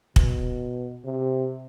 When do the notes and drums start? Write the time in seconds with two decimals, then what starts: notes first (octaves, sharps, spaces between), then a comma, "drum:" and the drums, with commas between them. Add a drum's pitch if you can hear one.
0.16 B2, drum: kick
1.05 C3